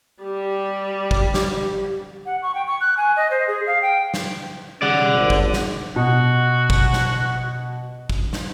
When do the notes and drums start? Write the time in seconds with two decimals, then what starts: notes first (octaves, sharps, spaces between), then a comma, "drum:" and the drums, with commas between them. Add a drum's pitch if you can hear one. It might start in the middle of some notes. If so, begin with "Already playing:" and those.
0.23 G3 G4
1.11 drum: kick
1.34 drum: snare
2.26 F#5
2.42 C#6
2.55 G5
2.67 C#6
2.81 F#6
2.97 G#5
3.16 D#5
3.31 C5
3.47 G#4
3.67 F5
3.82 G5
4.14 drum: snare
4.82 C#3 G3 D5 F#5
5.13 G#1
5.30 drum: kick
5.53 drum: snare
5.96 B2 F#4
6.70 drum: kick
6.93 drum: snare
8.10 drum: kick
8.33 drum: snare